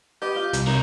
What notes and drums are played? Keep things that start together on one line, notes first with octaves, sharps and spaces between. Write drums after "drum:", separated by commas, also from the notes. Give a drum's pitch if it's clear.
B3 G4 D#5
F4
C2, drum: hi-hat
D#4 A#4 C#5